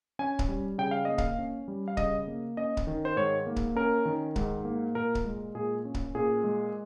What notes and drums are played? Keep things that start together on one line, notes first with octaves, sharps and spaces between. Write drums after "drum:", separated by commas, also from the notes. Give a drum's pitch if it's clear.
C#4 G#5
drum: kick C#1
G3
C#3 G5
F5
A#3 D#5
F5, drum: kick C#1
C#4
G3
F5
C#3 D#5, drum: kick C#1
A#3
C#4 D#5
drum: kick C#1
D#3
C5
G#2 C#5
A#3
drum: kick C#1
C#4 A#4
D#3
G#2, drum: kick C#1
A#3
A#2 A#4
drum: kick C#1
G#3
A#2 G#4
C#4
drum: kick C#1
A#2 G#4
G#3